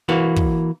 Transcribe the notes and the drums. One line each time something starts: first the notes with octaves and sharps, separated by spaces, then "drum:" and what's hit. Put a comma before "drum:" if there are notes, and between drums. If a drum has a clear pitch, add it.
E3 A#3 F#4
drum: kick